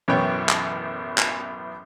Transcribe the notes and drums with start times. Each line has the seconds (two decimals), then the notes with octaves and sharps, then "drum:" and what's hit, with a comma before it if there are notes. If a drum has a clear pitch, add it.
0.08 A1 F#2 B2 B3 C#5 G5
0.49 drum: clap
1.18 drum: clap